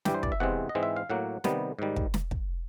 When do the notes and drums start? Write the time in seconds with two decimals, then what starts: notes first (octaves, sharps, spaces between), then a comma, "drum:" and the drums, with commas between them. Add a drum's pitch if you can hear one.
0.05 G2 E3 G3 G4, drum: snare
0.14 C5
0.23 D5, drum: kick
0.32 E5
0.40 E2 C3 E3 G#3 C4 F#5
0.69 D#5
0.75 G#2 E3 G#3 C4
0.83 E5
0.96 F5
1.10 A2 F#3 A#3 F#5
1.44 C3 D#3 G3 B3, drum: snare
1.79 G#2 D#3 G3
1.96 drum: kick
2.14 drum: snare
2.31 drum: kick